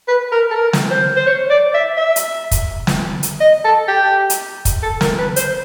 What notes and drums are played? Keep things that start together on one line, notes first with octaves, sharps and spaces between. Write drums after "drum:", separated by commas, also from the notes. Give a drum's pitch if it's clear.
B4
A#4
A4
A#4
drum: snare
C5
C5
C#5
D5
E5
E5
drum: hi-hat
drum: kick, hi-hat
drum: snare
drum: hi-hat
D#5
A4
G4
drum: hi-hat
drum: kick, hi-hat
A4
A#4, drum: snare
B4
C5, drum: hi-hat